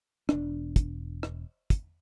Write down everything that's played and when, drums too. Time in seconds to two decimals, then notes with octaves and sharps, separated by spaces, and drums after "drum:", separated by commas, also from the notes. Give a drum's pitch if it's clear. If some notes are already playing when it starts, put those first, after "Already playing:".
0.29 E1 D4, drum: rim click
0.76 drum: kick, hi-hat
1.23 drum: rim click
1.70 drum: kick, hi-hat